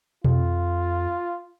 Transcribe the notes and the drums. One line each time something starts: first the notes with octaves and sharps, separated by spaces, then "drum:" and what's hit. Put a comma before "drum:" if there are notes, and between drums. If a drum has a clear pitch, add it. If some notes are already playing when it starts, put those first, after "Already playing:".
F2 F4, drum: tom B2